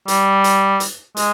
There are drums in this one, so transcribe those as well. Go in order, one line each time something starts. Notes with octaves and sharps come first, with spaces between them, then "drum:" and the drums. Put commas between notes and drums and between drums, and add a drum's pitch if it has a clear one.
G3, drum: hi-hat
drum: hi-hat
drum: hi-hat
G#3, drum: hi-hat